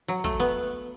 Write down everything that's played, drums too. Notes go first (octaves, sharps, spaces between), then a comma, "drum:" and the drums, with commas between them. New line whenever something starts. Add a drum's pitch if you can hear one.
F#3
A3, drum: kick
B3